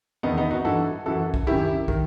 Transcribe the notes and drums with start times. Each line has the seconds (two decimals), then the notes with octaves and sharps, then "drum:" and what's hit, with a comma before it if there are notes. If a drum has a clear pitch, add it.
0.23 E2 D#3 B3 D#4
0.38 B3 D#4
0.51 D#4 F#4
0.65 G2 E3 F#4 A4
1.06 F#2 E3 F#4 A4
1.34 drum: kick
1.47 F#2 D#3 E4 G4
1.88 D#3, drum: kick